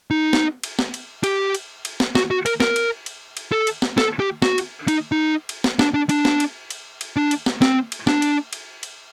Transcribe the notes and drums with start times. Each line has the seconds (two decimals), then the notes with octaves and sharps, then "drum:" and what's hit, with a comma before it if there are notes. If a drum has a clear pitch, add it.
0.11 D#4
0.33 drum: snare
0.63 drum: cymbal
0.79 drum: snare
0.94 drum: cymbal
1.24 G4, drum: cymbal
1.55 drum: cymbal
1.85 drum: cymbal
2.00 drum: snare
2.15 F#4, drum: snare
2.31 F#4
2.46 A#4, drum: cymbal
2.60 A#4, drum: snare
2.76 drum: cymbal
3.06 drum: cymbal
3.37 drum: cymbal
3.52 A4
3.67 drum: cymbal
3.82 drum: snare
3.98 A4, drum: snare
4.20 G4
4.42 F#4, drum: snare
4.58 drum: cymbal
4.88 D#4, drum: cymbal
5.12 D#4
5.49 drum: cymbal
5.64 drum: snare
5.79 D4, drum: snare
5.94 D4
6.09 D4, drum: cymbal
6.25 drum: snare
6.40 drum: cymbal
6.70 drum: cymbal
7.01 drum: cymbal
7.16 D4
7.31 drum: cymbal
7.46 drum: snare
7.62 C4, drum: snare
7.92 drum: cymbal
8.07 D4, drum: snare
8.22 drum: cymbal
8.53 drum: cymbal
8.83 drum: cymbal